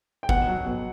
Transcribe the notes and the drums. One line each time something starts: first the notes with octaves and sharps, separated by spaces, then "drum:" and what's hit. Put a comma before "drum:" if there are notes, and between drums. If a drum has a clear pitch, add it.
G5
B2 F#5, drum: kick G#1
F#3
B2